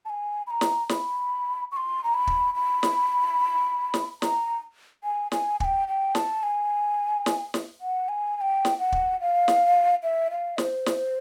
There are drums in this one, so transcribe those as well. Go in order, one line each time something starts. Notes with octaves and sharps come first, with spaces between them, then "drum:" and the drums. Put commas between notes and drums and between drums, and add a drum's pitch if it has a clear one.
A5
G#5
B5
A#5
drum: snare
B5, drum: snare
C#6
C6
A#5
B5
drum: kick
B5
drum: snare
drum: snare
A#5, drum: snare
G#5
G#5, drum: snare
G#5, drum: kick
G5
G5
A5, drum: snare
G#5
drum: snare
drum: snare
F#5
G#5
G#5
G5
drum: snare
F#5
drum: kick
F5
drum: snare
E5
F5
C5, drum: snare
drum: snare